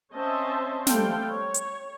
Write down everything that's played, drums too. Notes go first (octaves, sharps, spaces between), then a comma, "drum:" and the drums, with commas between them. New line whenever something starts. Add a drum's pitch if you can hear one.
C4 C#4 C5 D#5 E5 A5
G3 A3 A4 C5 F5 G5, drum: snare
C#5
drum: hi-hat